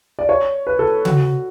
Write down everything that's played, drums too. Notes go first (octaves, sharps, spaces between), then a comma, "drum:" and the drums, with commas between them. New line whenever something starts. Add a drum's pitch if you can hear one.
D5
C#5
B4
A4
F#4, drum: tom C#3